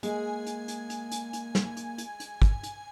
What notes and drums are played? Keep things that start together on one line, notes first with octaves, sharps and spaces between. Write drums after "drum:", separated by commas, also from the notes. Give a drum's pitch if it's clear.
G#3 A#3 G#5, drum: hi-hat
drum: hi-hat
drum: hi-hat
drum: hi-hat
drum: hi-hat
drum: hi-hat
drum: snare
drum: hi-hat
drum: hi-hat
drum: hi-hat
drum: kick, hi-hat
drum: hi-hat